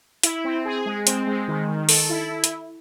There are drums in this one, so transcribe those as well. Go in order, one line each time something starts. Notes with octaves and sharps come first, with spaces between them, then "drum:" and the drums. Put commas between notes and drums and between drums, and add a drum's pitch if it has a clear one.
E4, drum: hi-hat
C4
G#4
G#3
C4, drum: hi-hat
G#3
D#3
D#3
A4, drum: open hi-hat
E4
drum: hi-hat